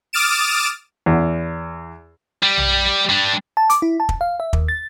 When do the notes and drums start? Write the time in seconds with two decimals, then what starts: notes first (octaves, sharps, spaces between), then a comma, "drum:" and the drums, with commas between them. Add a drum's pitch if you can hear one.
0.13 D6 D#6 F6 A6 D7 E7
1.06 E2
2.43 G3
2.57 drum: tom A#1
3.09 G3 D4
3.57 A5
3.70 D6, drum: hi-hat
3.82 E4
4.00 A5
4.09 drum: kick
4.21 F5
4.40 E5
4.53 D#2, drum: kick
4.68 A6